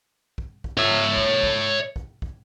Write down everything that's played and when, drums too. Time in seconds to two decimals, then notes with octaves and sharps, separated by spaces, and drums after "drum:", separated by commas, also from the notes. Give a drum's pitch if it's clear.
0.38 drum: kick
0.64 drum: kick
0.77 C#5 E5
1.17 drum: kick
1.43 drum: kick
1.96 drum: kick
2.22 drum: kick